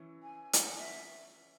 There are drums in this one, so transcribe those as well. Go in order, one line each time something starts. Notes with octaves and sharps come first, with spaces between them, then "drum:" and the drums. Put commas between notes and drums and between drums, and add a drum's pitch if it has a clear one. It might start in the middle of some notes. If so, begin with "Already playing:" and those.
Already playing: E3 C#4 E4
G#5
F#5, drum: hi-hat
E5